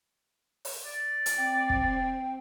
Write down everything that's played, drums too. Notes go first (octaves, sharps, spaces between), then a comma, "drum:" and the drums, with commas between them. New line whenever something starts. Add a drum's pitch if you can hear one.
drum: open hi-hat
D5
drum: hi-hat
C4 G5
drum: kick